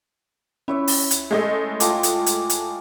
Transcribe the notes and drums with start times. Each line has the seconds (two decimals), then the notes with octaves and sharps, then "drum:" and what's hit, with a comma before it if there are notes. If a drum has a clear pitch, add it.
0.68 C#4 E4 C#5 E5
0.88 drum: open hi-hat
1.11 drum: hi-hat
1.31 G#3 A3 D#5
1.80 F4 G#4 G5 A5 D6, drum: hi-hat
2.03 drum: hi-hat
2.26 drum: hi-hat
2.50 drum: hi-hat